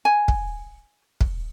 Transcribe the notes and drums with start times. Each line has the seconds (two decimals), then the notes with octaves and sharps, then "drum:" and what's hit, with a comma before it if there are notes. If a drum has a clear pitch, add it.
0.05 G#5
0.28 drum: kick
1.21 drum: kick